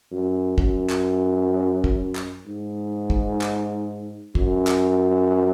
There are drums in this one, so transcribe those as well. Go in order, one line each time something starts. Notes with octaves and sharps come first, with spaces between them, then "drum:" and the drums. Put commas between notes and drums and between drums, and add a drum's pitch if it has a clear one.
F#2
F#2, drum: kick
drum: clap
drum: kick
drum: clap
G#2
drum: kick
drum: clap
F#2, drum: kick
drum: clap